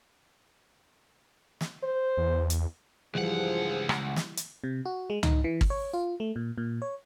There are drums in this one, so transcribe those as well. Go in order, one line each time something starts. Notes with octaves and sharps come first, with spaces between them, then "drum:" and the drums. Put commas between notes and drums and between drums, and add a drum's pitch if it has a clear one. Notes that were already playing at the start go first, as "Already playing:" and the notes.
drum: snare
C5
E2
drum: hi-hat
C#2 G2 E3 F3 G3 G#4 F#5
drum: rim click
drum: snare
drum: hi-hat
C3
F#4
G#3
D#4, drum: tom
E3
drum: kick G#1
C#5
F4
A3
A#2
A#2
C#5